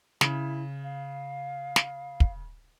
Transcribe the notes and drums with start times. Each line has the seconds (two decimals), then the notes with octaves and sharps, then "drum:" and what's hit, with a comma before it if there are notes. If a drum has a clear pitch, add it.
0.21 C#3 E4, drum: snare
0.84 F5
1.76 drum: snare
2.20 drum: kick